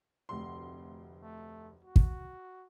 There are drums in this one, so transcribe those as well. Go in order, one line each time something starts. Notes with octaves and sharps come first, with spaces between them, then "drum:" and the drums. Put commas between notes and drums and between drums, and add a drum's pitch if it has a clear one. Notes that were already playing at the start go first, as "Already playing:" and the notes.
F1 D2 C6
A3
F#4
drum: kick